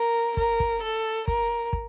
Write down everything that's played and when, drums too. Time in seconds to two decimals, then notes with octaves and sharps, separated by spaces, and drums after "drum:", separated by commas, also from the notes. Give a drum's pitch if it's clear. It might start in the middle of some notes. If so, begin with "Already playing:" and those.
Already playing: A#4
0.37 A#4, drum: kick
0.60 drum: kick
0.82 A4
1.28 A#4, drum: kick
1.73 drum: kick